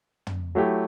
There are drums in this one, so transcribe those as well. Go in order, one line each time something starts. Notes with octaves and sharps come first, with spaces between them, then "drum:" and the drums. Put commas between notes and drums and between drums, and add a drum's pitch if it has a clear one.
drum: tom
F#3 A3 E4 G4